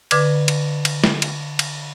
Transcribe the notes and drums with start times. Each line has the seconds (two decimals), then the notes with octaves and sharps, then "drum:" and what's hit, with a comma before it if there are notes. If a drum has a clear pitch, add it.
0.11 D3 B4 D6 G#6, drum: cymbal
0.48 drum: cymbal
0.85 drum: cymbal
1.04 drum: snare
1.22 drum: cymbal
1.59 drum: cymbal